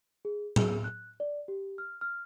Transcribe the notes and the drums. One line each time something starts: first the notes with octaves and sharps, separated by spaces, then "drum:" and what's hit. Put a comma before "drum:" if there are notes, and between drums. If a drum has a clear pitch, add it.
G#4
G#4, drum: tom A2
F#6
D5
G4
F6
F6